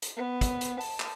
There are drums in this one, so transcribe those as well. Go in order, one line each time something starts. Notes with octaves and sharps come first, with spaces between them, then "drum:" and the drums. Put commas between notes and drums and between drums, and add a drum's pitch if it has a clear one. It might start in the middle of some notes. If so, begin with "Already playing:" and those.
drum: hi-hat
B3
drum: kick, hi-hat
drum: hi-hat
A5, drum: open hi-hat
drum: clap